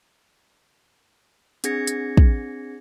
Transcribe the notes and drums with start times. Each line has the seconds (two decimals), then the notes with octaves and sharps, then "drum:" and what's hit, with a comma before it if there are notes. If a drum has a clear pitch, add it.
1.64 C4 D4 G#4 G#6 A#6 C#7, drum: hi-hat
1.87 drum: hi-hat
2.17 drum: kick